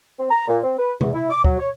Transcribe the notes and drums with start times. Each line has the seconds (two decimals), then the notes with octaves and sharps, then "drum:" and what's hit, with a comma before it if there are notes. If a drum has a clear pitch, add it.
0.19 C4
0.31 A#5
0.48 A#2
0.64 C4
0.79 B4
1.01 E2, drum: tom C3
1.14 E4
1.31 D6
1.44 F#3, drum: kick
1.59 C#5